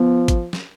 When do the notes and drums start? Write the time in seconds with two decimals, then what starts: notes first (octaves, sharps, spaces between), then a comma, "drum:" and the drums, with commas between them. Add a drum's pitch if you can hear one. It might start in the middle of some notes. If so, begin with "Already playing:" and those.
Already playing: F3 B3
0.28 drum: kick A1, hi-hat
0.53 drum: snare